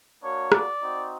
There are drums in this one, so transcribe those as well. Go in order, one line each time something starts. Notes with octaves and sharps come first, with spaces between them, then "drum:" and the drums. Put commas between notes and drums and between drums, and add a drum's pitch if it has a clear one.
A#3 D4 F#4 C#5
D5, drum: rim click
C4 D#4 F#4